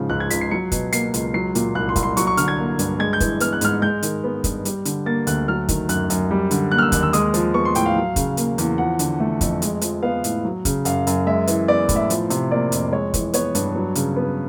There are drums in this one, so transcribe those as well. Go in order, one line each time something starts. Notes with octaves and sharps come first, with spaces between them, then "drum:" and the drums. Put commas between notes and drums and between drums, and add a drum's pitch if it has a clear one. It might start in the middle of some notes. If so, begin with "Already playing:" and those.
Already playing: G#2 C#3 F3
C#2 F#6
G#6
C#2 B6, drum: hi-hat
C7
F#3 C#7
B2, drum: kick, hi-hat
A#3 C7, drum: hi-hat
C#2, drum: hi-hat
F#3 C7
A#2, drum: hi-hat
C2 F#6
C6
C2, drum: kick, hi-hat
C6
F#3 C#6, drum: hi-hat
C#6
D3 F6, drum: hi-hat
G#6
A#3
G2, drum: hi-hat
G#3 G#6
G6
E3, drum: kick, hi-hat
B3 F6, drum: hi-hat
F#6
G#2 F6, drum: hi-hat
G#3 G6
D#3, drum: hi-hat
B3
G2, drum: kick, hi-hat
G3, drum: hi-hat
D3, drum: hi-hat
A#3 A6
D2 F#6, drum: hi-hat
F#3 F6
D#3, drum: kick, hi-hat
F#2 F#6, drum: hi-hat
F#2, drum: hi-hat
G3
D3, drum: hi-hat
A#3 F#6
F6
E6
D#2 F#6, drum: kick, hi-hat
E6
G#3 D#6, drum: hi-hat
F3, drum: hi-hat
B3 C#6
C6
A2 G5, drum: hi-hat
F5
F#3
C#3, drum: kick, hi-hat
A#3, drum: hi-hat
E2, drum: hi-hat
F3 F#5
D3, drum: hi-hat
A3
F2, drum: kick, hi-hat
G#3, drum: hi-hat
F3, drum: hi-hat
B3 F5
A2, drum: hi-hat
F#3
C#3, drum: kick, hi-hat
F#2 F5, drum: hi-hat
F#2, drum: hi-hat
G#3 E5
E3, drum: hi-hat
B3 D5
A2, drum: kick, hi-hat
E5
F3, drum: hi-hat
C3, drum: hi-hat
A#3 D5
F2, drum: hi-hat
G#3 C#5
E3, drum: kick, hi-hat
B3 C#5, drum: hi-hat
G2, drum: hi-hat
F#3
C#3, drum: hi-hat
B3